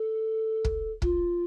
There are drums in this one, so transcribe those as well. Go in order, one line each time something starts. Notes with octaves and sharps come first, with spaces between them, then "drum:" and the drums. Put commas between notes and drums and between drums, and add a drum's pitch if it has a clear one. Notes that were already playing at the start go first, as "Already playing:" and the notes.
Already playing: A4
drum: kick
F4, drum: kick